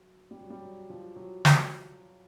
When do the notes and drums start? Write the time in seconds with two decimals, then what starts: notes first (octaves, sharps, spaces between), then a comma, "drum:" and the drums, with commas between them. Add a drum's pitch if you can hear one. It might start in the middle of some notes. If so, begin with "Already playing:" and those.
Already playing: F#3
0.31 G3
0.41 F#3
0.50 G3
0.62 F#3
0.90 F3
1.16 F#3
1.45 drum: snare